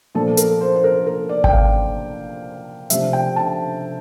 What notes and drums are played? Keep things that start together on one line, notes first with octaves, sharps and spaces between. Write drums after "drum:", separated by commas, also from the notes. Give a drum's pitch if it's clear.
A#2 F3 A#3 D4 A4
A#4, drum: hi-hat
C5
C5
A#4
A#4
D5
G5, drum: kick G#1
F5
C3 F3 A3 D4 E5, drum: hi-hat
G5
A5